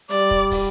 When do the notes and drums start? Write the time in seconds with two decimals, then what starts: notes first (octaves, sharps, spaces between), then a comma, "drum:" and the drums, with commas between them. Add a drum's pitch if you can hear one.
0.10 G3 D5, drum: hi-hat
0.31 drum: kick
0.51 drum: kick, open hi-hat